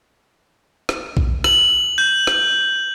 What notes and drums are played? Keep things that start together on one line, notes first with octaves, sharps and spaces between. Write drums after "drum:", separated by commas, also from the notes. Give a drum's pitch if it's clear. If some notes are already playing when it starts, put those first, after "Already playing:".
drum: rim click
drum: kick A#1
F#7, drum: rim click
G6
drum: rim click